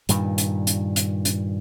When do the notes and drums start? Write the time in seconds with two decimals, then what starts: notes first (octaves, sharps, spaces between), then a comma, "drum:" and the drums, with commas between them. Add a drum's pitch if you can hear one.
0.09 G2 A#2 D#3, drum: hi-hat
0.38 drum: hi-hat
0.67 drum: hi-hat
0.96 drum: hi-hat
1.25 drum: hi-hat